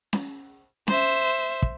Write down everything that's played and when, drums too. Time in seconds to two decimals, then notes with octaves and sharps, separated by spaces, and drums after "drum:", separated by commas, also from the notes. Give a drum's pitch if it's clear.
0.13 drum: snare C#4
0.88 C5 E5, drum: snare C#4
1.62 drum: kick